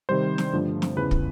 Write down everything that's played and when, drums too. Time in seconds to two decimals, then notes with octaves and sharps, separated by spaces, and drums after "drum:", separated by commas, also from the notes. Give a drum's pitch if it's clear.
0.09 C3 D#3 G3 C5
0.38 drum: snare
0.53 G2 D3 F3 A3
0.82 drum: snare
0.96 E2 C#3 E3 B4
1.11 drum: kick